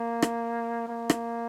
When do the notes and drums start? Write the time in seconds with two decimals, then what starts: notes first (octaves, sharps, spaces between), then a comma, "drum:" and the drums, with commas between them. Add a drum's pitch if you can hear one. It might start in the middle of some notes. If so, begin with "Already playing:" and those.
Already playing: A#3
0.22 drum: rim click
0.88 A#3
1.10 drum: rim click